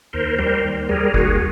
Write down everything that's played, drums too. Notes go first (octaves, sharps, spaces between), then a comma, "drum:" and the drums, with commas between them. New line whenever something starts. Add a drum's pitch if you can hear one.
D#2 A#4 C5
G3 A#4 C5
D#2
G3 G#4 A#4
D#2 F#4 G#4, drum: kick G1
G#4